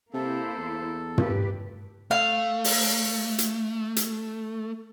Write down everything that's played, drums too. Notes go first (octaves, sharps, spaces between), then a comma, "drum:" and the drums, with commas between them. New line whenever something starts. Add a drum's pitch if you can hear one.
C3 A#3 E4 A4 C5
E2
G4 B4, drum: tom
A3 F5
drum: open hi-hat
drum: hi-hat
drum: hi-hat